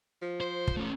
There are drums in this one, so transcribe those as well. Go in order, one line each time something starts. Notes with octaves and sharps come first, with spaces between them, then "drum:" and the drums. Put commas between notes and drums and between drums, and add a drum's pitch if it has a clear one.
F3
C5
drum: kick
A3 C#4